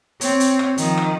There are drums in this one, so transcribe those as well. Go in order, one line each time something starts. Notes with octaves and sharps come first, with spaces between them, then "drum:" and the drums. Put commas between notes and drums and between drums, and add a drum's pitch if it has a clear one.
C4 C#5, drum: hi-hat
drum: hi-hat
drum: rim click
D#3 F3, drum: hi-hat
drum: rim click